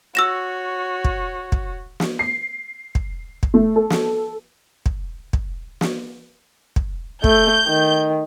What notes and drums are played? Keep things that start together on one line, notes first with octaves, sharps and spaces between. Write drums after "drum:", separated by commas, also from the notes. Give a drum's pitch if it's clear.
F#4 C#5 E6 A#6 E7
drum: kick
drum: kick
drum: snare
C7
drum: kick
drum: kick
A3
A4
drum: snare
drum: kick
drum: kick
drum: snare
drum: kick
A3 G6, drum: kick
D#3